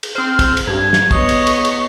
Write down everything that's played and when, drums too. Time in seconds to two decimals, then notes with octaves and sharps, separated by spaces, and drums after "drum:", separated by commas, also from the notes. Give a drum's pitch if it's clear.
0.03 drum: cymbal
0.15 C4 C5 F6
0.39 drum: kick, cymbal
0.57 drum: cymbal
0.67 G2 G#6
0.93 drum: snare
1.11 B3 C#5 D#5 C#6 D#6 C7, drum: kick
1.29 drum: cymbal
1.47 drum: cymbal
1.65 drum: cymbal